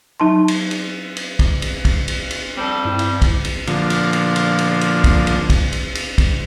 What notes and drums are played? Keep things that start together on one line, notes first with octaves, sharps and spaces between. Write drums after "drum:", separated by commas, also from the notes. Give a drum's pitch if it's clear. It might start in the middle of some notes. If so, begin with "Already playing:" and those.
F#3 D#4 A5 C6
drum: cymbal
drum: cymbal
drum: cymbal
drum: kick, cymbal
drum: cymbal
drum: kick, cymbal
drum: cymbal
drum: cymbal
G3 C4 A4
G2 E4
drum: cymbal
drum: kick, cymbal
drum: cymbal
A#2 D3 F3, drum: cymbal
drum: cymbal
drum: cymbal
drum: cymbal
drum: cymbal
drum: cymbal
drum: kick, cymbal
drum: cymbal
drum: kick, cymbal
drum: cymbal
drum: cymbal
drum: kick, cymbal